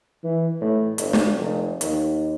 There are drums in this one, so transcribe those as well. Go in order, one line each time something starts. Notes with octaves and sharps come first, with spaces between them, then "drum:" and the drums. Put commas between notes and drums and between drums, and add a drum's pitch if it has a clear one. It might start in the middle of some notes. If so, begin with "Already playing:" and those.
E3
A2
G1, drum: hi-hat
drum: snare
F1
D#2, drum: hi-hat